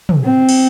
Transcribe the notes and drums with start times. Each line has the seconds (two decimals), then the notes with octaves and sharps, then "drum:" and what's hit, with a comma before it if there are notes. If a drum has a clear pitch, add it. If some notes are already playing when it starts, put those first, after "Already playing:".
0.09 drum: tom
0.25 C4
0.49 drum: cymbal